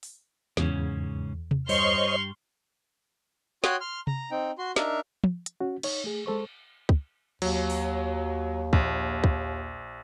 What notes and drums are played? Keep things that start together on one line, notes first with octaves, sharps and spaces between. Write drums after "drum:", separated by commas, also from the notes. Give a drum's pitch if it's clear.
drum: open hi-hat
E2 G#2 C#3 C#4, drum: snare
drum: tom C3
G2 G3 C5 C#5 D#5 C6 C#6 F6, drum: open hi-hat
F#4 C#5 G5 C6 D#6 F#6, drum: snare
C6 F6
A#5, drum: tom C3
C4 D#4 G5
F#4 C6
D4 D#4 A#4 E5, drum: snare
drum: tom
drum: hi-hat
C#4 F#4
D#4 C#5, drum: cymbal
A3 G#4
G#3 A4 C5 C#6
drum: kick
D#2 F#3, drum: cymbal
drum: open hi-hat
A#1, drum: kick
drum: kick